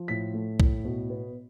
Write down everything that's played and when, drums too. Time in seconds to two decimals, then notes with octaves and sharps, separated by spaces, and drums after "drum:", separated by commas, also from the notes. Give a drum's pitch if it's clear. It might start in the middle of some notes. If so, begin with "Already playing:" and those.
Already playing: F3
0.08 A2 B6
0.34 A3
0.60 A2, drum: kick
0.85 B2
1.10 B3